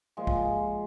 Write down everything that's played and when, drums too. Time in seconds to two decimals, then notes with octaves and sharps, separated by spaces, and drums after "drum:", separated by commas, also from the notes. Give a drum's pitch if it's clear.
0.17 A#2 F3 G#3
0.27 drum: kick